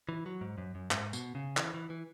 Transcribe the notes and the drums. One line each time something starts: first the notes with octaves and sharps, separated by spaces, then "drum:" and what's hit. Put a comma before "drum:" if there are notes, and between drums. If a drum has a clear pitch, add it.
E3
F#3
G#2
F#2
F#2
G#2, drum: clap
B2, drum: tambourine
C#3
E3, drum: clap
E3
E3